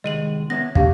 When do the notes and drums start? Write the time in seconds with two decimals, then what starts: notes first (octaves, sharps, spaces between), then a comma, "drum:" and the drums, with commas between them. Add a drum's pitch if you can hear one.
0.04 C2 D#3 G#3 D#5 D#7 F#7
0.50 B3 C#5 E5 A#6
0.75 A3 D4 G4 F5, drum: kick